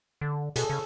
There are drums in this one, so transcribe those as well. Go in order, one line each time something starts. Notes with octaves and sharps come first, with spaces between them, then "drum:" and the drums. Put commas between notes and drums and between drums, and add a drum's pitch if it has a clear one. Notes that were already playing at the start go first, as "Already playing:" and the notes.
D3
B2 G#4 A4, drum: hi-hat
C#3